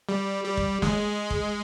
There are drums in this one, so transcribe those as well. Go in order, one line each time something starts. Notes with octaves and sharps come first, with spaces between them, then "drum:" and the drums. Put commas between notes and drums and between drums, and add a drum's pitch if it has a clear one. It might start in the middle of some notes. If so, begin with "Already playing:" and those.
G3
G3
drum: kick
G#3, drum: snare
drum: kick